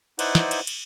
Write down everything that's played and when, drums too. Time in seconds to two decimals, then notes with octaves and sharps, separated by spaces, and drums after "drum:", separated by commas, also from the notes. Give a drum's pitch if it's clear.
0.19 D#4 E4 B4 C5 D5 F#5, drum: cymbal
0.35 drum: snare
0.51 drum: cymbal
0.67 drum: cymbal